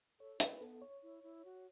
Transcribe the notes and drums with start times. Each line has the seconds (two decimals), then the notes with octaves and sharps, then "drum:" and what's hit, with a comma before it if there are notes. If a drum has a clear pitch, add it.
0.20 A4 C#5
0.40 E4 B4, drum: hi-hat
0.61 B3 A4
0.82 C#5
1.03 E4
1.23 E4
1.45 F#4